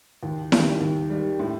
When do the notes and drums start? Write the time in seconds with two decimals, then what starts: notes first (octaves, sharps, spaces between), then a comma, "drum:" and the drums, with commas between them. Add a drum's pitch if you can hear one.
0.23 D#2
0.52 D#3 G3, drum: snare E4
0.81 D#2
1.10 D#3 G3
1.39 A2